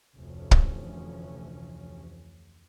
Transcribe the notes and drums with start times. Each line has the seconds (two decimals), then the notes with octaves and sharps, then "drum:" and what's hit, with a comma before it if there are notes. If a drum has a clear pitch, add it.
0.16 F1 D2 C3 E3 F3 C#4
0.51 drum: kick